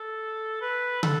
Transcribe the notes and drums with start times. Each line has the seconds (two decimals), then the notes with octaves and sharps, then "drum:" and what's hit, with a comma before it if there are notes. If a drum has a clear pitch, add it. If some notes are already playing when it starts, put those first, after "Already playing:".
Already playing: A4
0.62 B4
1.03 A4, drum: tom